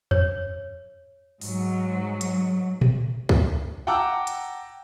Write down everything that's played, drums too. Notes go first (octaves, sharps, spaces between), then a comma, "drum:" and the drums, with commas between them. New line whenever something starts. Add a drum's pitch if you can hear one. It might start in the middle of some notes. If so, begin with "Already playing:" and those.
C#5, drum: tom E2
G#2 F#3, drum: open hi-hat
drum: hi-hat
drum: tom A#2
drum: kick
F#5 G5 A5 A#5 D6 E6
drum: hi-hat